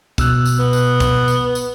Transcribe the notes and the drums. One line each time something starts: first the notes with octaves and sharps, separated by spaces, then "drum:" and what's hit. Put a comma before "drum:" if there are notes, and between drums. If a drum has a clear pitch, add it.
B2 E6 F#6, drum: kick, tambourine
drum: tambourine
B3
drum: tambourine
drum: kick, tambourine
drum: tambourine
drum: tambourine